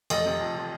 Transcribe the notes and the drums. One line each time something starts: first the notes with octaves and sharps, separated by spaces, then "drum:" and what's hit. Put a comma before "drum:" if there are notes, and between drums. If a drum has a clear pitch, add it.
F1 D#5, drum: cymbal
C3
F2
F3